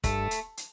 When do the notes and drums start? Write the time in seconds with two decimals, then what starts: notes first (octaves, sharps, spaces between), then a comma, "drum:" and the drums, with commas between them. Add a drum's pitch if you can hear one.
0.04 G2 A3, drum: kick, hi-hat
0.31 drum: hi-hat
0.57 drum: hi-hat